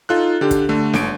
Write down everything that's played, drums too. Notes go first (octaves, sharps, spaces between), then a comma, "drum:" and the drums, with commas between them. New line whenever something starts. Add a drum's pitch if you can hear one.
D#4 F4 A4 F#6
D3 G4
drum: kick, hi-hat
D3 A3
G1 D7, drum: snare